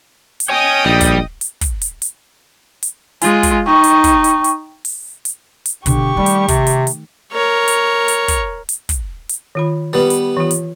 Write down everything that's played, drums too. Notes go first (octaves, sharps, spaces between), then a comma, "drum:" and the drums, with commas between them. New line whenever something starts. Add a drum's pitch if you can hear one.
drum: hi-hat
C#5 D#5 G5 G#5 D#6
A#1 G3
drum: kick, hi-hat
drum: hi-hat
drum: kick, hi-hat
drum: hi-hat
drum: hi-hat
drum: hi-hat
G#3 F4 G#5, drum: hi-hat
drum: kick, hi-hat
D#4 G5 C#6
drum: hi-hat
drum: kick, hi-hat
drum: hi-hat
drum: hi-hat
drum: open hi-hat
drum: hi-hat
drum: hi-hat
B2 D3 G4 C#6, drum: kick, hi-hat
D#3 G3 A3
drum: hi-hat
C3, drum: kick, hi-hat
drum: hi-hat
drum: hi-hat
A#4 C#5
drum: hi-hat
drum: hi-hat
drum: kick, hi-hat
drum: hi-hat
drum: kick, hi-hat
drum: hi-hat
D#3 F4 B5
G3 B3 B4
drum: hi-hat
E3 F4
drum: hi-hat